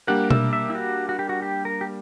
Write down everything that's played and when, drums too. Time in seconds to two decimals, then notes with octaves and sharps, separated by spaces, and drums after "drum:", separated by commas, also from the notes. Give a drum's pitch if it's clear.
0.07 G3 A#3 D4 G4 A#4 F#5
0.30 E5, drum: tom B2
0.53 E5
0.70 E4
0.75 F#4
1.09 F#4
1.19 G4
1.29 F#4
1.42 G4
1.65 A#4
1.81 G4